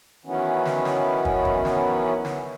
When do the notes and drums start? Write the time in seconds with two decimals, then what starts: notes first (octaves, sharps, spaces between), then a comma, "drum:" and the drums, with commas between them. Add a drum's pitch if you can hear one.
0.25 D#3 E3 F#3 B3 C#4
0.65 drum: snare
0.85 drum: snare
1.25 drum: kick
1.45 drum: kick
1.65 drum: snare
2.25 drum: snare